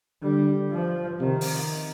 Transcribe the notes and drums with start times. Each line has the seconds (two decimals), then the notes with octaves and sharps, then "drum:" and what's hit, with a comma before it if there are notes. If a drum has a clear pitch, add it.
0.22 D3 G3
0.71 F3
1.20 C3 D#3
1.41 drum: open hi-hat